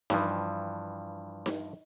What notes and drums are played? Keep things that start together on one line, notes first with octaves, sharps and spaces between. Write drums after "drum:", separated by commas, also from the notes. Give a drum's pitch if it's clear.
G2 E3 F3, drum: snare D#4
drum: snare D#4